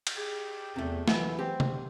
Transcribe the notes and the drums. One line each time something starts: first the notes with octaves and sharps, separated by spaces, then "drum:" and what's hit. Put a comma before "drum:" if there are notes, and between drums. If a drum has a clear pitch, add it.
drum: cymbal
G4 G#4
E2 C3 A3
E3 F#3 E4, drum: snare
C4 G4
drum: tom C3